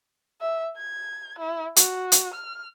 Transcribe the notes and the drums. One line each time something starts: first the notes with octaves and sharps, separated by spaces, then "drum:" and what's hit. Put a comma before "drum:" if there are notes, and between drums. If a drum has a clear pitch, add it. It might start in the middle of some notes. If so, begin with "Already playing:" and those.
E5
G#6
E4
F#4, drum: hi-hat
drum: hi-hat
F6